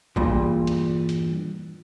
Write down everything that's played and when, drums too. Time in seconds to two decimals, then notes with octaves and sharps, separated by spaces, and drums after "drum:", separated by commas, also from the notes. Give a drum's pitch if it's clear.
0.16 E2 G2 A#2 G3, drum: kick A#1
0.67 drum: cymbal
1.09 drum: hi-hat